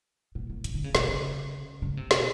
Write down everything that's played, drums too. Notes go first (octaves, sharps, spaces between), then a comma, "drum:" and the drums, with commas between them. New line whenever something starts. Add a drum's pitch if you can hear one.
A#2
A#2
C3, drum: hi-hat
D3
C#3
C3, drum: snare
C#3
C#3
C3
B2, drum: snare